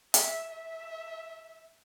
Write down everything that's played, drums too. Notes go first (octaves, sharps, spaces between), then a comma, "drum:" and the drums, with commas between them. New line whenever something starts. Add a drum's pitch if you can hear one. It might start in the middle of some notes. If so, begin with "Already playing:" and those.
E5, drum: hi-hat
E5